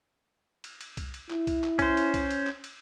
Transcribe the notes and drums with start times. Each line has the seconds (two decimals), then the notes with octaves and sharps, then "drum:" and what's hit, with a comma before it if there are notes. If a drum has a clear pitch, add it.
0.64 drum: cymbal
0.81 drum: cymbal
0.97 drum: kick C2, cymbal
1.14 drum: cymbal
1.31 E4, drum: clap
1.47 drum: kick C2, cymbal
1.64 drum: clap
1.79 C#4 C5, drum: kick C2, cymbal
1.97 drum: cymbal
2.14 drum: kick C2, cymbal
2.31 drum: cymbal
2.47 drum: clap
2.64 drum: cymbal